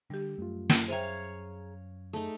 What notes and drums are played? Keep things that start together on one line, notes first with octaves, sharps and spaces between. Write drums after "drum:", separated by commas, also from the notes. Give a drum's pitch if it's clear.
D3 G3 G4
F#2 A3 F4
drum: snare
G#4 C5 C#5 E5 F5 G5 G#5 A#5
A3 D#4 G#4